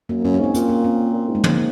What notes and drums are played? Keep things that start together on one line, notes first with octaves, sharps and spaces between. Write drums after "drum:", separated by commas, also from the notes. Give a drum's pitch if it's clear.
F#2 A#3
F#2 C#4
C#4
G#2 C4
A#2 A#3, drum: hi-hat
A#3
C4
A#2
G#2
G#3
G#2 A#3, drum: tom